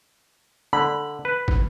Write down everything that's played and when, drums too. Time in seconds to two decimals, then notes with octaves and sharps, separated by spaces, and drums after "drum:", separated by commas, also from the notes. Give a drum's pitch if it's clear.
0.73 D3 B5
1.25 B4
1.48 drum: kick